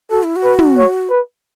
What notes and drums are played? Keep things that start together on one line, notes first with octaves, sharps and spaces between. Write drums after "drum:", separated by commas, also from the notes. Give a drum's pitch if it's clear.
F#4 A4
E4
F#4
B4
drum: tom
C#5
B4